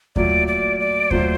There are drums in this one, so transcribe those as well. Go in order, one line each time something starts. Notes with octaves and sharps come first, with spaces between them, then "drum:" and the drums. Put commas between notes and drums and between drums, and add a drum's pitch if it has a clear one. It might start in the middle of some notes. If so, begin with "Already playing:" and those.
A#2 F#3 A3 D5, drum: kick D#2
D5
D5
A#2 F#3 A3 C5, drum: kick D#2